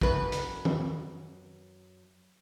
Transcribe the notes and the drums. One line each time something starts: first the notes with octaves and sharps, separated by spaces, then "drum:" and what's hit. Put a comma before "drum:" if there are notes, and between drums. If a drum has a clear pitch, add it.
F#2 B4, drum: kick
drum: hi-hat
drum: tom D#3